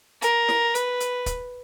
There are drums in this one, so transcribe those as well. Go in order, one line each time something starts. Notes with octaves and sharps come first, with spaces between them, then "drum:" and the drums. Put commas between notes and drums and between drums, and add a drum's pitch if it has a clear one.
A#4, drum: hi-hat
drum: snare
B4, drum: hi-hat
drum: hi-hat
drum: kick, hi-hat